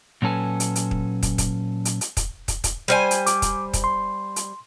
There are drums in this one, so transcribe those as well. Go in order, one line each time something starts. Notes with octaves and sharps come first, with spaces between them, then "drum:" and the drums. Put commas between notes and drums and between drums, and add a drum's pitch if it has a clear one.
A#2 F#3 C#4 A4 B4 G#5
drum: hi-hat
drum: hi-hat
drum: kick
drum: kick, hi-hat
drum: kick, hi-hat
drum: hi-hat
drum: hi-hat
drum: kick, hi-hat
drum: kick, hi-hat
drum: kick, hi-hat
G3 C5 G#5
drum: hi-hat
D6, drum: hi-hat
drum: kick, hi-hat
drum: kick, hi-hat
C6
drum: hi-hat